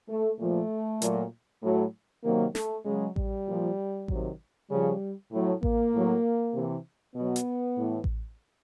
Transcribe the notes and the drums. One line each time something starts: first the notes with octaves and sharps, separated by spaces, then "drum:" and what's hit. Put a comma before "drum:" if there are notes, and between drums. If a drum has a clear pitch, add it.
A3
A#2 F3 A3
A#2 F#3, drum: hi-hat
A2 F#3
C3 D#3 F#3 A#3
A3, drum: snare
C#3 F#3 G#3
G3, drum: kick A1
A#2 F3
C3 D#3 F#3, drum: kick A1
C#3 F3 G3
A2 F#3 A3
A#3, drum: kick A1
A2 F#3
C3 E3
B2 F#3 B3
drum: hi-hat
A2 E3
drum: kick A1